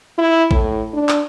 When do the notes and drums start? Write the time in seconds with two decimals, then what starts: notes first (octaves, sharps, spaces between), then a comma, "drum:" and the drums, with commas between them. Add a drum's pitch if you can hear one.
0.18 E4
0.51 A2, drum: kick A1
0.94 D4
1.09 drum: clap